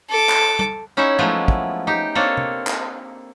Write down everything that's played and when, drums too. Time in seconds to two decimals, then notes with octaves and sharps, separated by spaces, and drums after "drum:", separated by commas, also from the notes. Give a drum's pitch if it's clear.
0.10 A4 D6
0.29 drum: clap
0.59 drum: tom
0.97 C#4 D#4 E4 G#4 E5 F#5
1.19 F3 F#3 G#3 A3 B3 E4
1.48 drum: kick
1.87 D#4 G4
2.15 A#3 C4 D4 A4 C#5 D#5
2.37 drum: tom C3
2.67 drum: clap